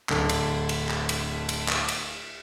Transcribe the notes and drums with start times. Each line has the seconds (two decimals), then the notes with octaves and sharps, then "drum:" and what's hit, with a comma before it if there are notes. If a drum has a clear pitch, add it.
0.09 D1 D3 A4, drum: clap
0.29 drum: cymbal
0.69 drum: cymbal
0.89 drum: clap
1.09 drum: cymbal
1.49 drum: cymbal
1.69 drum: clap
1.88 drum: cymbal